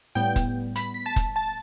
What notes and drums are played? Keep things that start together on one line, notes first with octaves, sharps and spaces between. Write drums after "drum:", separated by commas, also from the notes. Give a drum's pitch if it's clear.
A2 G3 B3 G5 G6
drum: kick F1, hi-hat
B5 B6, drum: hi-hat
B6
A5 A6
drum: kick F1, hi-hat
A5 A6